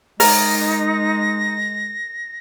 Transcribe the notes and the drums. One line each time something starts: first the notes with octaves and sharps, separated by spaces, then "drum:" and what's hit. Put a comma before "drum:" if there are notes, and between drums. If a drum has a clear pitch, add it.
G#3 D#4 A#4 A#6, drum: open hi-hat